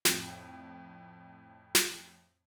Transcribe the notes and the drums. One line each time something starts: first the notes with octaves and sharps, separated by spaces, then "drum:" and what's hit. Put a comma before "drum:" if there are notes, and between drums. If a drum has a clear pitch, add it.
F2 A2, drum: snare
drum: snare